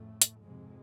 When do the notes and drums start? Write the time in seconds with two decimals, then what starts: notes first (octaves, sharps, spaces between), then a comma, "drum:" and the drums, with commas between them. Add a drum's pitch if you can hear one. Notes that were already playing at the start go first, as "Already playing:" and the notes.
Already playing: F2 A2 C#3 A3
0.22 drum: hi-hat
0.42 F2 G#2 C3 G#3